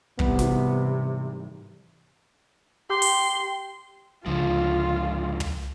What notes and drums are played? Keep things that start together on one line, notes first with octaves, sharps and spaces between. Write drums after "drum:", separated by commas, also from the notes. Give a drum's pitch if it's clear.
G#2 C3 E3 G3 B3, drum: kick
drum: snare
G4 C6
drum: open hi-hat
C#2 G#2 D3 F3 F4
drum: tom